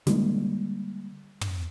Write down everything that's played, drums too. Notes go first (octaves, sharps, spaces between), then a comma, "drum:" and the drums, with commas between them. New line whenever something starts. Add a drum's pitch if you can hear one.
D3 G3 G#3 A#3, drum: snare
drum: tom